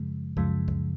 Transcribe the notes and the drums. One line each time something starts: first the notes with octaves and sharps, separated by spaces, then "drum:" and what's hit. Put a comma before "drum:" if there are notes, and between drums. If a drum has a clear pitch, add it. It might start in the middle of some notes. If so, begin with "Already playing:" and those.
Already playing: F#2 C#3 F3 G#3
F#2 C#3 F3 G#3, drum: kick C#2
drum: kick C#2